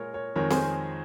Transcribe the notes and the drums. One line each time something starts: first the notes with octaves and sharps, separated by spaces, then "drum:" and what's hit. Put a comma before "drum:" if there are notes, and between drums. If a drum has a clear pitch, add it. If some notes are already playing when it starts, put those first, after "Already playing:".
Already playing: A#2 G#3 G#4 A#4 C#5
A#4 C#5
F2 D#3 G#3 A#4 C#5
G#4 C5, drum: snare C4